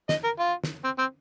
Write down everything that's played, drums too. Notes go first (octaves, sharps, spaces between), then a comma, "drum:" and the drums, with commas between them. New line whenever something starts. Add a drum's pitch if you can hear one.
D#5, drum: snare
A#4
F4
drum: snare
C4
C4